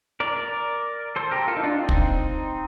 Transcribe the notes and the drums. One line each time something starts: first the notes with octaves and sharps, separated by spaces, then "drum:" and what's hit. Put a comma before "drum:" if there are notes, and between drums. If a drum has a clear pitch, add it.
A#4 D5
A#4 D5
A4 C5
G4 A#4
F4 A4
D#4
D4 F4
C4 D#4
drum: kick